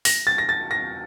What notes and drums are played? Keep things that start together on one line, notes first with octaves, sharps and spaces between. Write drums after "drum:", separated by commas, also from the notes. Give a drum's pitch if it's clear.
A#6, drum: open hi-hat
A6
A#6
A6
A#6